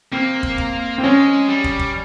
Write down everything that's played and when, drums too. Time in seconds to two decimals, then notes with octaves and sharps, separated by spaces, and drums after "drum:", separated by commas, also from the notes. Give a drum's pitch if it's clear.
0.12 A#3 C4
0.43 drum: kick
0.58 drum: kick
0.98 C4
1.03 G#3 C#4
1.49 G3
1.64 drum: kick
1.79 drum: kick